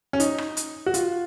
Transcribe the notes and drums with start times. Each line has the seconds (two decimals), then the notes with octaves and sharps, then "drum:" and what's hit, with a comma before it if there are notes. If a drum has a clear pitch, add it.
0.13 C#4
0.20 D#4, drum: hi-hat
0.38 drum: rim click
0.57 drum: hi-hat
0.86 F#4
0.94 F4, drum: hi-hat